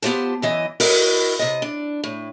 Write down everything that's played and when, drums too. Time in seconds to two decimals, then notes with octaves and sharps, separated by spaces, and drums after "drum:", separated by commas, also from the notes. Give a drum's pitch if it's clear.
0.02 B3 F4 G4 C5 A5, drum: hi-hat
0.42 F#2 E3 D#5
0.80 E4 F#4 A#4 D#5 E5, drum: open hi-hat
1.39 C3 D#5
1.62 D4
2.04 A2